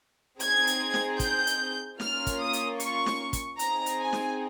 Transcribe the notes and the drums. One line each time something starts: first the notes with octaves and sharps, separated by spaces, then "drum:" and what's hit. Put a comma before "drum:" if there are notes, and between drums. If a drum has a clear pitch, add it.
C4 D#4 G#4 G#6, drum: hi-hat
drum: hi-hat
drum: snare
G6, drum: kick, hi-hat
drum: hi-hat
A#3 C#4 F4 F6, drum: snare
drum: kick, hi-hat
D#6
drum: hi-hat
C#6, drum: hi-hat
drum: snare
drum: kick, hi-hat
C4 D#4 G#4 A#5, drum: hi-hat
drum: hi-hat
G#5
drum: snare